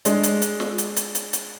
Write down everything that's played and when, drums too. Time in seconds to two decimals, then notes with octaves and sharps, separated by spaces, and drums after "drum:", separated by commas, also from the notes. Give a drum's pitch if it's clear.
0.05 G#3 D4, drum: hi-hat
0.23 drum: hi-hat
0.42 drum: hi-hat
0.60 drum: snare
0.78 drum: hi-hat
0.96 drum: hi-hat
1.15 drum: hi-hat
1.33 drum: hi-hat